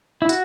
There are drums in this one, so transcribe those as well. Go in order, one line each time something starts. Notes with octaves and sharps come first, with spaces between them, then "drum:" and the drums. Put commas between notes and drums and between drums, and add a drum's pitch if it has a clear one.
E4
F#4, drum: hi-hat